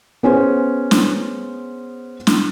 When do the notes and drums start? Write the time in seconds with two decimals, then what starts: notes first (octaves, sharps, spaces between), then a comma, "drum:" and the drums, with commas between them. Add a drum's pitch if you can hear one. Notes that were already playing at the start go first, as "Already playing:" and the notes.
0.23 B3 C#4 G#4 C5
0.91 drum: snare
2.27 drum: snare